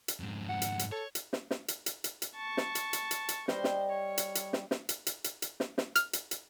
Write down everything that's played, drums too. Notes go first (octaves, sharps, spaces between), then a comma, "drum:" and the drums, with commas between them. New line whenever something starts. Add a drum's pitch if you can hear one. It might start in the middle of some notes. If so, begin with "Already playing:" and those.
drum: hi-hat
F2 G#2
F#5
drum: hi-hat
drum: hi-hat
A4 C#5
drum: hi-hat
drum: snare
drum: snare
drum: hi-hat
drum: hi-hat
drum: hi-hat
drum: hi-hat
A5 C#6
drum: snare
drum: hi-hat
drum: hi-hat
drum: hi-hat
drum: hi-hat
G3 C5 D#5, drum: snare
drum: snare
C#5
drum: hi-hat
drum: hi-hat
drum: snare
drum: snare
drum: hi-hat
drum: hi-hat
drum: hi-hat
drum: hi-hat
drum: snare
drum: snare
F6, drum: hi-hat
drum: hi-hat
drum: hi-hat